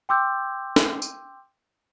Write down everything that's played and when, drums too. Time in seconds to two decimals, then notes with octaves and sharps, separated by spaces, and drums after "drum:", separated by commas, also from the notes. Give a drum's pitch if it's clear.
0.09 G5 C6 D6 E6 G6
0.76 drum: snare
1.02 drum: tambourine